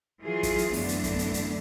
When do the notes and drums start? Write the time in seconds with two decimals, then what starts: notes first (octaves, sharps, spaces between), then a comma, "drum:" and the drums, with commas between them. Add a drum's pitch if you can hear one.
0.22 E3 F#3 F4 G#4
0.43 drum: kick, hi-hat
0.58 drum: hi-hat
0.73 F#2 D3 E3 A3 B3 D4, drum: open hi-hat
0.88 drum: hi-hat
1.04 drum: kick, hi-hat
1.19 drum: hi-hat
1.34 drum: hi-hat